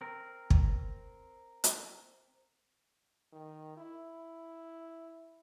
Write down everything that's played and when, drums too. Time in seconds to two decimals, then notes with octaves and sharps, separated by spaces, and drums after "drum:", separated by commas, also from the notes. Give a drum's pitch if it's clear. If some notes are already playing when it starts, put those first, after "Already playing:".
0.01 C4 A#4
0.50 drum: kick
1.64 drum: hi-hat
3.33 D#3
3.77 E4